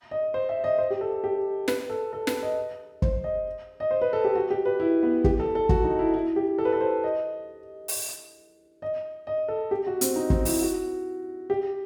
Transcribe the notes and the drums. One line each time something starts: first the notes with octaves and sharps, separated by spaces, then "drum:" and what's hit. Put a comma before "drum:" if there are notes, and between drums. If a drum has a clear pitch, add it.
D#5
C5
E5
D#5
C5
G4
A4
G4
B4, drum: snare
A4
A4
B4, drum: snare
D#5
C5, drum: kick
D#5
D#5
C5
B4
A4
G4
F#4
G4
B4
E4
B3
G4, drum: kick
A4
A4
F#4, drum: kick
D#4
E4
E4
G4
A4
B4
A4
C5
D#5
drum: open hi-hat
D#5
D#5
A4
G4
F#4
C4, drum: hi-hat
D#4
C4, drum: kick
E4, drum: open hi-hat
F#4
G4